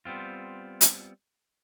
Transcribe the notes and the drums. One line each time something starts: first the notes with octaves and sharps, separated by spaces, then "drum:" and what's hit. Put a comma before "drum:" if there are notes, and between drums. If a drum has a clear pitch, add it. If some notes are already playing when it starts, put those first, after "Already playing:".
G3 B3 C4 F4
drum: hi-hat